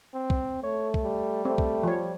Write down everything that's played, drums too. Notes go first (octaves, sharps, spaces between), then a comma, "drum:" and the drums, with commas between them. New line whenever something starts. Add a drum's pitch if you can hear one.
C4
drum: kick
A3 C#5
drum: kick
G3
A3 C4
drum: kick
F3 C#5